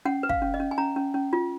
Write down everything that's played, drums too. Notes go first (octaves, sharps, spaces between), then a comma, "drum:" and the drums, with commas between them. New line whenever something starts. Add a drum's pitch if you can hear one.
C#4 F#5
B4
F5, drum: kick
C#4
D#5
C#4
G#5
C#4 A#5
C#4
C#4
F4